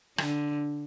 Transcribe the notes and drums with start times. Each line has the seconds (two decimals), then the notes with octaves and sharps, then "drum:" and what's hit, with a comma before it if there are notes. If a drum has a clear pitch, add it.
0.18 D3, drum: rim click